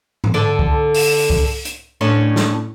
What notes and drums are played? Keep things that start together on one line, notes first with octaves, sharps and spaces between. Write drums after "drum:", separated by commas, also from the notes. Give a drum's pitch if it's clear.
drum: tom G#2
D3 A4 D5
drum: kick C2
drum: open hi-hat
drum: kick C2
drum: hi-hat
A2 C#4 D4
drum: snare